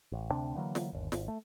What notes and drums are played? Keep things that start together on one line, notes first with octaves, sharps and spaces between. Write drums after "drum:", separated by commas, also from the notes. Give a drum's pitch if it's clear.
A1
D2 C3 C4 D4
D3 E3 F#3 A#3
drum: snare
G1 D#2
G#1, drum: snare
A3